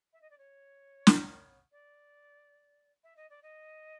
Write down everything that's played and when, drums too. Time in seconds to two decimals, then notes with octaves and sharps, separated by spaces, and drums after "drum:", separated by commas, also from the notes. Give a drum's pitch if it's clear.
0.13 E5
0.21 D#5
0.30 D5
0.37 C#5
1.07 drum: snare
1.71 D5
3.03 E5
3.16 D#5
3.29 D5
3.42 D#5